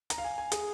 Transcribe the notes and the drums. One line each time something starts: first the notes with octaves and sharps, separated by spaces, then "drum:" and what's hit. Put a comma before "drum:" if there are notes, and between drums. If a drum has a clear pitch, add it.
A#5, drum: hi-hat
F5
G#5
G#5
G#4, drum: hi-hat